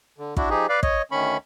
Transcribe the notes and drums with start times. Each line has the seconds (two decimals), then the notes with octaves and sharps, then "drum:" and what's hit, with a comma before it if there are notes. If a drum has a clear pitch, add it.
0.18 D3
0.37 D4 E4 F#4, drum: kick
0.50 F3 D#4 G4 G#4
0.69 B4 D5 F5
0.83 C#5 D#5, drum: kick
1.12 D2 D#3 C#4 B5 C#6